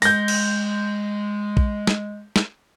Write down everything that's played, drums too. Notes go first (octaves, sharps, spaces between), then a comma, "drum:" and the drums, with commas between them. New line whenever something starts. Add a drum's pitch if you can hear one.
G#3 G6 A#6, drum: open hi-hat
drum: cymbal
drum: kick
drum: snare
drum: snare